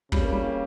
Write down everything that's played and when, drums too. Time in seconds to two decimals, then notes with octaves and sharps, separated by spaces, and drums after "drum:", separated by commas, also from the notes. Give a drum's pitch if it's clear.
0.12 C#3 G3, drum: kick
0.22 A#3
0.33 G3
0.44 A#3